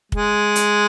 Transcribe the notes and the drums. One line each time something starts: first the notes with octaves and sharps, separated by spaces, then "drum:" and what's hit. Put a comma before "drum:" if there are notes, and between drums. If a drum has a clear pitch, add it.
G#3, drum: kick
drum: hi-hat